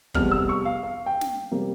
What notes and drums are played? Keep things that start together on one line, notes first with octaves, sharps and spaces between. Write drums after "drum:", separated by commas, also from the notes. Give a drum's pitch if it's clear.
F1 E2 C3 G3 F6, drum: kick
E6
C#6
F5
F5
G5
drum: snare
C3 G3 A#3